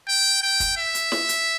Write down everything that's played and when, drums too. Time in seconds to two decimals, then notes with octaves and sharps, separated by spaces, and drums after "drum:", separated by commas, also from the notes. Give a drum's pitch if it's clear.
0.08 G5
0.43 G5
0.60 drum: kick, hi-hat
0.78 E5
0.95 drum: hi-hat
1.12 drum: snare
1.29 drum: hi-hat